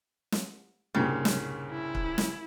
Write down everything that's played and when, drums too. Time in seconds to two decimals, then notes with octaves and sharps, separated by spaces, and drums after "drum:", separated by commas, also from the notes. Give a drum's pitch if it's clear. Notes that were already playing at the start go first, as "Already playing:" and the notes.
0.32 drum: snare
0.95 C2 G2 A#2 C#3
1.25 drum: snare
1.71 E4
1.95 drum: kick
2.18 drum: snare